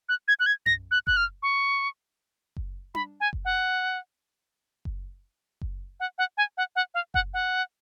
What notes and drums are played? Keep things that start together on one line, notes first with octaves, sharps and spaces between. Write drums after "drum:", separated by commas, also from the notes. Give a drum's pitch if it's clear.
F#6
G#6
F#6
G#6
A#6, drum: tom F#2
F#6
F#6, drum: kick F#1
F6
C#6
drum: kick F#1
B5, drum: tom D4
G#5
drum: kick F#1
F#5
drum: kick F#1
drum: kick F#1
F#5
F#5
G#5
F#5
F#5
F5
F#5, drum: kick F#1
F#5